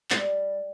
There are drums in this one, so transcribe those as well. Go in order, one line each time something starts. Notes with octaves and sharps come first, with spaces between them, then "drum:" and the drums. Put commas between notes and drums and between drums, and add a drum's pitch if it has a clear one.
G3, drum: clap